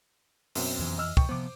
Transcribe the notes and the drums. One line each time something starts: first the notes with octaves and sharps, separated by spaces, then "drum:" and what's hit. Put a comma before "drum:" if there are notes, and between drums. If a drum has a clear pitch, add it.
F#2 B2 C4, drum: open hi-hat
F2 E3
D#5 E6 F6
B2 G5 C#6, drum: kick
C3 F3 B3 C5 D6